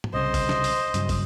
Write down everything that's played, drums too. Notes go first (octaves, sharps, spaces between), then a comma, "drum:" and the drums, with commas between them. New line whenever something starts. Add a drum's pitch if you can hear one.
drum: tom
C2 C#3 C5 D#5
drum: kick, open hi-hat
drum: snare
drum: open hi-hat
G2 C#3 F#3, drum: hi-hat
drum: kick, open hi-hat